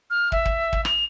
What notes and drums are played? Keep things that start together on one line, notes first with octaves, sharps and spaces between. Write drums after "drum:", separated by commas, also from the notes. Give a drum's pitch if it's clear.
F6
E5, drum: kick
drum: kick
drum: kick
F7, drum: rim click